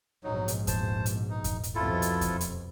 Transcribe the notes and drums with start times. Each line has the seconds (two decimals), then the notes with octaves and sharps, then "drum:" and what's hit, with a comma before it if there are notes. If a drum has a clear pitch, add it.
0.24 A#1 G#2 B2 F#3 D#4
0.48 drum: hi-hat
0.67 C5 A5, drum: kick E2, hi-hat
1.06 drum: hi-hat
1.30 D#4
1.44 drum: kick E2, hi-hat
1.63 drum: hi-hat
1.75 C2 F2 B2 E4 F4 A4
2.02 drum: hi-hat
2.21 drum: kick E2, hi-hat
2.41 drum: hi-hat